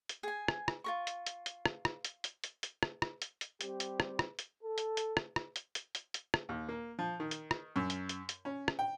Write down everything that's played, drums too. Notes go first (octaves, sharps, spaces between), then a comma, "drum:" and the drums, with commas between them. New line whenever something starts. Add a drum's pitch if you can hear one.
drum: hi-hat
G#4 G#5
drum: rim click
drum: rim click
F4 A#4 C#6
drum: hi-hat
drum: hi-hat
drum: hi-hat
drum: rim click
drum: rim click
drum: hi-hat
drum: hi-hat
drum: hi-hat
drum: hi-hat
drum: rim click
drum: rim click
drum: hi-hat
drum: hi-hat
G3 C4 G4, drum: hi-hat
drum: hi-hat
drum: rim click
drum: rim click
drum: hi-hat
A4
drum: hi-hat
drum: hi-hat
drum: rim click
drum: rim click
drum: hi-hat
drum: hi-hat
drum: hi-hat
drum: hi-hat
drum: rim click
D#2
A#3
F3
D#3
drum: hi-hat
drum: rim click
F#2
drum: hi-hat
drum: hi-hat
drum: hi-hat
C#4
drum: rim click
G5